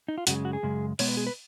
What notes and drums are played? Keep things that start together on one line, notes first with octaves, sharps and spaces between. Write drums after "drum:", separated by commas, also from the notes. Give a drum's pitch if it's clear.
D#4
F4
F#2 C#3 G#3 F#4, drum: hi-hat
F#4
G#4
F#2 C#3 G#3
B2 G#3 B3 C#5, drum: open hi-hat
B4
G#4
B4